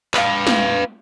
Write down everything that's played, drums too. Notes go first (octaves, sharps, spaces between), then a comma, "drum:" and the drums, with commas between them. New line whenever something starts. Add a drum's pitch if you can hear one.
B4 F5, drum: clap
drum: snare